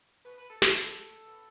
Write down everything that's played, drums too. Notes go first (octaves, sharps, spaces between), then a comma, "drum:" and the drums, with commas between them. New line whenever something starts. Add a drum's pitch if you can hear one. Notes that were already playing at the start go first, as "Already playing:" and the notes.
B2 B4
B4
A4
A4, drum: snare
B2
B2